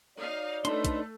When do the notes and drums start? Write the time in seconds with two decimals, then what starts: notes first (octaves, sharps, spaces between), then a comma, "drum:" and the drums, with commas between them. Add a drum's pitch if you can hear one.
0.18 D#4 F#4 C#5 D5 F5
0.65 A3 D4 D#4 A4 B4 C6, drum: hi-hat
0.85 drum: kick, hi-hat